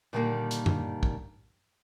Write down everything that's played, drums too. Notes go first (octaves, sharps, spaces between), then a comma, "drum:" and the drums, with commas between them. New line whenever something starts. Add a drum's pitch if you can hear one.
A#2 D3 D#3 G3 A3 A#3
drum: hi-hat
drum: tom F#2
drum: kick